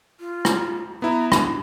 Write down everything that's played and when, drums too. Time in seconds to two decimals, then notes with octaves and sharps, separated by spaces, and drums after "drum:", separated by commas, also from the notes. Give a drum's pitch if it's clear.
0.20 F4
0.45 drum: rim click
1.02 B3 E4 A#5
1.32 D4, drum: rim click